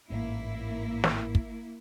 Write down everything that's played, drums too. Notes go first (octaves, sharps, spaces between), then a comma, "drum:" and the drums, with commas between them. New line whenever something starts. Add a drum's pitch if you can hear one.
A1 G#2 A#3 E4
drum: snare
drum: kick